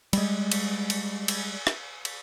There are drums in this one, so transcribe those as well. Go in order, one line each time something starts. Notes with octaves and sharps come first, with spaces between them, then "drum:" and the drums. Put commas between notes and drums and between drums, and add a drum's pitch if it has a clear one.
G3 G#3, drum: cymbal
drum: cymbal
drum: cymbal
drum: cymbal
drum: rim click
drum: cymbal